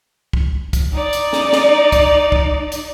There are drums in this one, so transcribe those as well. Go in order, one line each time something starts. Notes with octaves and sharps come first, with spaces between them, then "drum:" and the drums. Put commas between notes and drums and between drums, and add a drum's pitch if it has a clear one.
drum: kick
drum: kick, hi-hat
D#4 D5
drum: hi-hat
drum: snare
drum: snare
drum: kick, hi-hat
drum: kick
drum: hi-hat